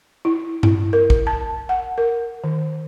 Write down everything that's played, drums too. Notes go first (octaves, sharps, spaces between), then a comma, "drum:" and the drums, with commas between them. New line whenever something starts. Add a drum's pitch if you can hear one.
E4
E4, drum: tom G2
A#4
drum: kick
A5
F#5
A#4
D#3